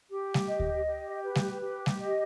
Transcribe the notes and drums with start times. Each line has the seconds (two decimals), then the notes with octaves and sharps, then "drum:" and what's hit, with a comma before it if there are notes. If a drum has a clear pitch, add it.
0.10 G4
0.34 drum: snare G3
0.48 D#5
0.60 drum: kick D2
0.86 G4
1.23 B4
1.36 drum: snare G3
1.61 G4
1.86 drum: snare G3
1.99 D#5